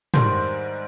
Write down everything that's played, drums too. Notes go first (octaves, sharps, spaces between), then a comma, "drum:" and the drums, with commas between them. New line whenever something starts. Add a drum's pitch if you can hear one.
G#2 D#3 G3 C5, drum: tom